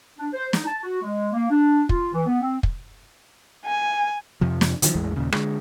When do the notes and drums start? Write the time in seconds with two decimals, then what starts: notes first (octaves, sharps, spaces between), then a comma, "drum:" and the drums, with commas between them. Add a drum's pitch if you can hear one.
0.18 D4
0.34 C5
0.53 D#4, drum: snare
0.67 A5
0.83 F#4
1.02 G#3
1.33 A#3
1.50 D4
1.89 F4, drum: kick
2.13 E3
2.26 B3
2.41 C4
2.63 drum: kick
3.66 G#5
4.41 F2 C3 F3
4.61 drum: snare
4.82 D3 D#3 F3 F#3, drum: hi-hat
4.95 A1 E2 E3 G#3
5.16 D#2 A#2 C#3
5.32 D3 G#3, drum: rim click